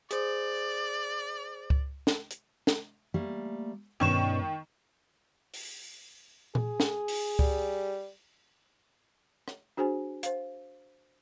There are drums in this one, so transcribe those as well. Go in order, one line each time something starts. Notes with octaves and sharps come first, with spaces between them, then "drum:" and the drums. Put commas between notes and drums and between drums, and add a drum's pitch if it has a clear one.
G#4 C5 D5, drum: hi-hat
drum: kick C#2
drum: snare
drum: hi-hat
drum: snare
G3 A3 A#3
G2 B2 D#3 C#4 C#6 E7
drum: open hi-hat
G#4, drum: tom A#2
drum: snare
drum: open hi-hat
G3, drum: kick C#2
drum: rim click
D4 F#4 G#4 C5 G#5
C5 F5, drum: hi-hat